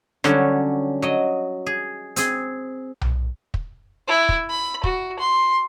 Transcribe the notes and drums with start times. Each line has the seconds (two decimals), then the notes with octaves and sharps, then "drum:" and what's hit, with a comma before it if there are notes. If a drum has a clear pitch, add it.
0.24 D3 F#3 G3 C#4, drum: rim click
1.02 F#3 D#5
1.66 G#4
2.16 C4 G#4, drum: hi-hat
3.01 drum: tom B1
3.54 drum: kick
4.08 E4
4.29 drum: kick
4.50 B5
4.84 F#4, drum: kick
5.19 C6